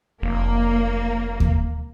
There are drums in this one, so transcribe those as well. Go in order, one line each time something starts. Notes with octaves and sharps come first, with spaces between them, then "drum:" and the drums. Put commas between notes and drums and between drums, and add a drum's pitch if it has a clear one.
F1 A#3
drum: kick D#2